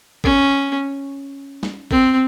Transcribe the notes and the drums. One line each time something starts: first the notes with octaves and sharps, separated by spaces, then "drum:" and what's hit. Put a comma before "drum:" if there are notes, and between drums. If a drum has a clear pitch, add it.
C#4, drum: kick G#1
drum: snare
C4, drum: kick G#1